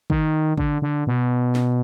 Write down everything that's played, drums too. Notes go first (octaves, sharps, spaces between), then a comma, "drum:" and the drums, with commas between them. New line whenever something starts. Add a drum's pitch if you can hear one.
D#3, drum: kick
D3, drum: kick
D3
B2
drum: snare